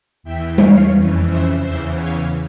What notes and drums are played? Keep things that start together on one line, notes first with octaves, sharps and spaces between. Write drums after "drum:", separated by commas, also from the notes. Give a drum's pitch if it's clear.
E2 E3 E5 G5
C#5 F5, drum: tom G3
F2 C#3 E3
C5 E5
E2 C#3 E3 C5 E5
C#5 F5